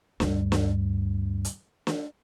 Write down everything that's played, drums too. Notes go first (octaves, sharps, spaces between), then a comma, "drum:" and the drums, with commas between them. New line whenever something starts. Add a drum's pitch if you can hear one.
D2 G2, drum: snare
drum: snare
drum: hi-hat
drum: snare